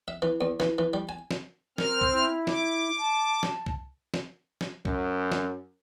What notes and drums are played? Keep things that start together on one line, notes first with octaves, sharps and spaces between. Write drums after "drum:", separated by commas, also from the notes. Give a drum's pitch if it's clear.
E5
E3
E2
E3, drum: snare
E3
G3
G#5
drum: snare
C4 A#4 F6, drum: snare
drum: kick C2
E4
D6, drum: snare
A5
drum: snare
drum: kick C2
drum: snare
drum: snare
F#2, drum: kick C2
drum: snare